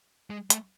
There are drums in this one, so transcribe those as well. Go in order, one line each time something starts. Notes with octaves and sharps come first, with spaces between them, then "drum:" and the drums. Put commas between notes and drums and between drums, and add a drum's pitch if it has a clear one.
G#3
A3, drum: hi-hat